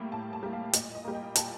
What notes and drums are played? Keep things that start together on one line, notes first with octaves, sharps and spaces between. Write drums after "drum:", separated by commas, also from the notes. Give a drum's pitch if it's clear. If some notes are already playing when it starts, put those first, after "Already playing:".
Already playing: A2 G3 A#3 G5
A2 A5
A5
G3 A#3
F5
A#2 D#5, drum: hi-hat
D#5
G3 A#3
G5
A#2 A5, drum: hi-hat